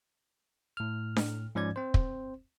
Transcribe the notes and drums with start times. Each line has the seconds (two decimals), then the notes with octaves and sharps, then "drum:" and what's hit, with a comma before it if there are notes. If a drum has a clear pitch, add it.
0.77 A2 F6
1.16 drum: snare D4
1.55 G#2 F3 C#4 D5 G#6
1.76 C4 C5
1.94 drum: kick